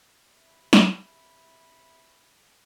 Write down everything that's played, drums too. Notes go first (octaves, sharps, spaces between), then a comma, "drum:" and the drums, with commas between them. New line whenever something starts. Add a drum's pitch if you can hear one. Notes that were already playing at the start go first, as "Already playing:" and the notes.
C3 E4 B5
drum: snare